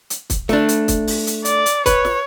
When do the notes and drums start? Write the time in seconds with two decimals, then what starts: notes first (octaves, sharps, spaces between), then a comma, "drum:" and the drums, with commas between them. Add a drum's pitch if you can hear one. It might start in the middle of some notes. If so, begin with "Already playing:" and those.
0.10 drum: hi-hat
0.30 drum: kick, hi-hat
0.49 A3 D4, drum: snare
0.69 drum: hi-hat
0.88 drum: kick, hi-hat
1.07 drum: open hi-hat
1.27 drum: hi-hat
1.45 D5, drum: hi-hat
1.66 drum: hi-hat
1.86 B4 C#5, drum: kick, hi-hat
2.05 drum: snare